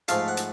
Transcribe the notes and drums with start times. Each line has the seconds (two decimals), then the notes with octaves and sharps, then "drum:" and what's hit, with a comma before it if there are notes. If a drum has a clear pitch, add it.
0.08 G#2 F3 A3 F5, drum: hi-hat
0.28 F#5
0.37 drum: hi-hat